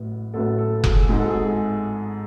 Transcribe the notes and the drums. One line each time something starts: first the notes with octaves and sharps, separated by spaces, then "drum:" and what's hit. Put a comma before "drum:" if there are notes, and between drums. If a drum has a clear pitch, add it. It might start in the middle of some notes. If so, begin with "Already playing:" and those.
Already playing: A1 A2 F#3 B3
A1 A2 F#3 B3 A4
A4
G#4, drum: kick F1
G#1 G#2 G#3 G#4
A4
G#4